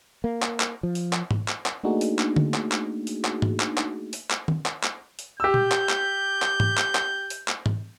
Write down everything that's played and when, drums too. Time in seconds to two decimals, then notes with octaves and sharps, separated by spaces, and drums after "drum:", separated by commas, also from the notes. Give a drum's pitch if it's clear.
0.24 A#3
0.42 drum: clap
0.60 drum: clap
0.83 F3
0.95 drum: open hi-hat
1.13 drum: clap
1.31 drum: tom G#2
1.48 drum: clap
1.66 drum: clap
1.84 A3 A#3 D4 D#4 F#4 G#4
2.01 drum: open hi-hat
2.19 drum: clap
2.36 drum: tom D3
2.54 drum: clap
2.72 drum: clap
3.07 drum: open hi-hat
3.25 drum: clap
3.42 drum: tom G#2
3.60 drum: clap
3.78 drum: clap
4.13 drum: open hi-hat
4.30 drum: clap
4.48 drum: tom D#3
4.66 drum: clap
4.83 drum: clap
5.19 drum: open hi-hat
5.40 G4 E6 G6
5.54 drum: tom A#2
5.72 drum: clap
5.89 drum: clap
6.42 drum: clap
6.60 drum: tom G#2
6.77 drum: clap
6.95 drum: clap
7.30 drum: open hi-hat
7.48 drum: clap
7.66 drum: tom G#2